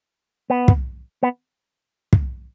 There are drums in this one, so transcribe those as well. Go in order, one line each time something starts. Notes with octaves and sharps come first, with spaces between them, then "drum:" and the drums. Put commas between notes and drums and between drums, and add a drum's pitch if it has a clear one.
B3
drum: kick
B3
drum: kick